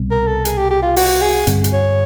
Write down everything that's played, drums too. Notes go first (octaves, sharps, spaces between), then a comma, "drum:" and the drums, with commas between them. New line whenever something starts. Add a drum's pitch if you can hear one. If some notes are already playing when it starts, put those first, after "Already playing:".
Already playing: C2 B2 G3 C4
A#4
A4
G#4, drum: hi-hat
G4
G4
F4
F#4, drum: open hi-hat
G#4
G2 D3 G3 C4, drum: hi-hat
drum: hi-hat
C#5